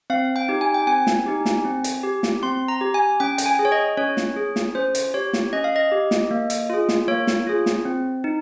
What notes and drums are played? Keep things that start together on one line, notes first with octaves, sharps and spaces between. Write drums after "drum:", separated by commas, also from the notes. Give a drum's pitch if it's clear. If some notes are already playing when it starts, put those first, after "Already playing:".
C4 F5
G5
D#4 G4
G#5
G5
C4 G#5
drum: snare
D#4 G4
drum: snare
C4
drum: hi-hat
G4
drum: snare
C4 C6
A#5
G4
G#5
C#4 G5
G5, drum: hi-hat
G#5
G#4
C#5
D#5
C#4 C#5
drum: snare
G#4
drum: snare
C#4 C5
drum: hi-hat
G4 C#5
drum: snare
C#4 D#5
F5
D#5
G4
drum: snare
A#3
drum: hi-hat
F4 G#4
drum: snare
A#3 C#5
drum: snare
F4 G#4
drum: snare
C4
D#4